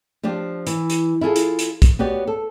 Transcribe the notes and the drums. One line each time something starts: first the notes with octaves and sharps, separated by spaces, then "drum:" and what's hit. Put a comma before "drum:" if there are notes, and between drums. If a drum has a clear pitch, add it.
F3 D4 F4 G4
E3, drum: hi-hat
drum: hi-hat
E4 F4 G#4 A4
drum: hi-hat
drum: hi-hat
drum: kick, hi-hat
B3 F#4 G4 C#5 D5
A4